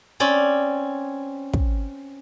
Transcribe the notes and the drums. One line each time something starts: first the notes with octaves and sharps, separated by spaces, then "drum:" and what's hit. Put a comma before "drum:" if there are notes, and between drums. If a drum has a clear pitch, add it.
C4 C#4 D5
drum: kick